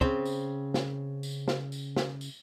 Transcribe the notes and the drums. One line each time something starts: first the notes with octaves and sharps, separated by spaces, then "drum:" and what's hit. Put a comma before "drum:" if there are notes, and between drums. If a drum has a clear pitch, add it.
C#3 C4 C5, drum: kick
drum: tambourine
drum: snare
drum: tambourine
drum: snare
drum: tambourine
drum: snare
drum: tambourine